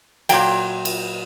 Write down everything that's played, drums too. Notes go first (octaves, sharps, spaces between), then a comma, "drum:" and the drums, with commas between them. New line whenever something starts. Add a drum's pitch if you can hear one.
A#2 F#3 G5, drum: cymbal
drum: cymbal